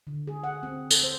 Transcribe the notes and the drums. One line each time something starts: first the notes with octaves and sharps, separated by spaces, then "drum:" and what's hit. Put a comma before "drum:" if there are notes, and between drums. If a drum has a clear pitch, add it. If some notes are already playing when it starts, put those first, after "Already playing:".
D3
G#4
F#5
C4
A4, drum: tambourine
C5